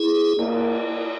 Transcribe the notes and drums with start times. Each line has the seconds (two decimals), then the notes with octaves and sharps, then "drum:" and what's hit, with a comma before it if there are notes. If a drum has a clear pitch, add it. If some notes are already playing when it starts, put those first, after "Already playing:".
Already playing: E4 G#4
0.39 A#3, drum: cymbal